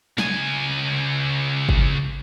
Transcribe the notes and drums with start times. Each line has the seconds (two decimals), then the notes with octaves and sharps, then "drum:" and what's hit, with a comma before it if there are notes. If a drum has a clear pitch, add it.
0.18 C#2 G#5, drum: snare
1.69 drum: kick G1